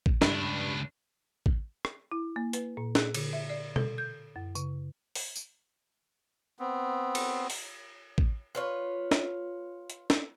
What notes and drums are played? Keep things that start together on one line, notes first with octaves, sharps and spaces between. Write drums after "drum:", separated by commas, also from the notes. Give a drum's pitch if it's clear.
drum: kick A1
C#2 G2 D4, drum: snare
drum: kick A1
drum: rim click
E4
A#3
B4, drum: hi-hat
A#2
G#4, drum: snare
D3, drum: cymbal
E5
D5
A4, drum: tom B2
G6
F#2
C#3, drum: tambourine
drum: open hi-hat
drum: tambourine
B3 C4
drum: cymbal
drum: open hi-hat
drum: kick A1
F4 B4 C#5
drum: snare
drum: hi-hat
drum: snare